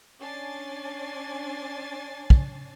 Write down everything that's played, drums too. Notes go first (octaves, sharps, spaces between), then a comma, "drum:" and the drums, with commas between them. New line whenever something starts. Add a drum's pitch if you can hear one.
C#4 D4 G#5 A6 C7
drum: kick